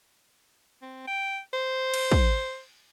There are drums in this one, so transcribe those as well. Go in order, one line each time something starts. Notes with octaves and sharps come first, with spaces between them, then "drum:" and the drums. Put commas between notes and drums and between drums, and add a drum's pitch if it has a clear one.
C4
G5
C5
drum: cymbal
drum: kick